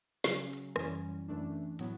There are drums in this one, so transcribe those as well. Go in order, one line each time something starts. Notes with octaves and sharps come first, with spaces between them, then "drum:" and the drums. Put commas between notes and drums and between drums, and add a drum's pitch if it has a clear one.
C#3 F#3 C#4, drum: snare
drum: hi-hat
F#2 E3 G3 C#4, drum: rim click
F#2 E3 A3 D4
A2 F#3 B3, drum: hi-hat